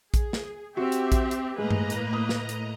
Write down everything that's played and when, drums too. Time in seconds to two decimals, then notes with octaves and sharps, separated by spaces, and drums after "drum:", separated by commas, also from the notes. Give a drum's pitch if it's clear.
0.14 G#4, drum: kick A#1, hi-hat
0.33 drum: snare
0.77 C4 F#4 G4 E5
0.92 drum: hi-hat
1.12 drum: kick A#1, hi-hat
1.31 drum: hi-hat
1.58 A2 G#3 A#3 B4 D#5 A#5
1.70 drum: tom G2
1.90 drum: hi-hat
2.13 D#6
2.29 drum: snare
2.49 drum: hi-hat